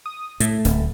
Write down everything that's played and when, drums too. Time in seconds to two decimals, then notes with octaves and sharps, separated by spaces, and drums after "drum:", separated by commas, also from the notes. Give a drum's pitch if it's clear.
0.06 D#6
0.40 A2 A3, drum: hi-hat
0.65 D1, drum: snare